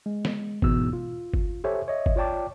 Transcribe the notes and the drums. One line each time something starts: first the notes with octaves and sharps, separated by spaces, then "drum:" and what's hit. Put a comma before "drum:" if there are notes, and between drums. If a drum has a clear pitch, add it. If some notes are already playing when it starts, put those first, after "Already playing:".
G#3
drum: snare
E2 G#2 B2 E6, drum: kick G1
F4
drum: kick G1
G4 A4 C5 C#5 E5 G#5
C#5 D#5 E5
drum: kick G1
F4 C#5 D5 G5 A5 D6